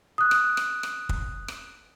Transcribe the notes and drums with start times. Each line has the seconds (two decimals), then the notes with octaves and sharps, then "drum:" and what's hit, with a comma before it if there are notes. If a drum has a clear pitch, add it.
0.18 D#6 F#6
0.31 drum: rim click
0.57 drum: rim click
0.83 drum: rim click
1.09 drum: kick
1.48 drum: rim click